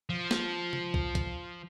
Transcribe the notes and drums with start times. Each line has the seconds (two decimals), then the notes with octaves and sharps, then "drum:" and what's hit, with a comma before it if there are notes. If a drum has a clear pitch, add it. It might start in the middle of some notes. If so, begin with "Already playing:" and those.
0.10 F3
0.31 drum: snare
0.73 drum: tom C3
0.94 drum: kick
1.15 drum: kick, hi-hat